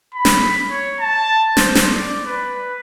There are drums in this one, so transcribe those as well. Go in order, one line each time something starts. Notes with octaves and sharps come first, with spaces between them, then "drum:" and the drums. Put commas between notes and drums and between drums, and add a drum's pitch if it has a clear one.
B5
drum: snare
C#5
A5
C5, drum: snare
drum: snare
D5
B4